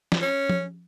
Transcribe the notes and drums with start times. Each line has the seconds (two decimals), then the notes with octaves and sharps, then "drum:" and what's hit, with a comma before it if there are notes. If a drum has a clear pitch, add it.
0.12 drum: snare
0.21 C#4
0.50 drum: tom F3